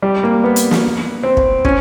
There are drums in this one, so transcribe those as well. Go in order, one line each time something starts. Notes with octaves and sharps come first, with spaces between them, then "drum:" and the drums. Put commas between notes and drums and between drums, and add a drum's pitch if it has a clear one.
G3
A#3
B3
drum: hi-hat
drum: snare
C4
drum: kick
C#4, drum: kick